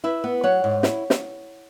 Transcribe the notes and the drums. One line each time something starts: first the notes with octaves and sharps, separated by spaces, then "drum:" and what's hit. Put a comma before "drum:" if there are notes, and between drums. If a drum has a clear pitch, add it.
E4 B4 E5
B3
F#3 C#5 F#5
G#2
E4, drum: snare
drum: snare